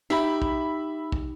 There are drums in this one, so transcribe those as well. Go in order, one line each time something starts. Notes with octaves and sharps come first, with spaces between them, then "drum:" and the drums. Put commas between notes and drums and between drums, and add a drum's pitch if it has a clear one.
D#4 G4 E5 B5
drum: kick
drum: kick